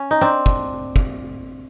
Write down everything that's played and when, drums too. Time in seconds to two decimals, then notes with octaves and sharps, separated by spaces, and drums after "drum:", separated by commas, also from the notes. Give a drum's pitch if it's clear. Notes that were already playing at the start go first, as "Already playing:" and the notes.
Already playing: C#4
0.11 D#4
0.21 C4 D4
0.46 drum: kick
0.96 drum: kick